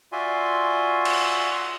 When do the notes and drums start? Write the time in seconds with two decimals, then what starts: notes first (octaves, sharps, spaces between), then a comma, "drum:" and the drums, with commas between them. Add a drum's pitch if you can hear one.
0.12 F4 F#4 D5 E5 G#5 C6
1.05 drum: cymbal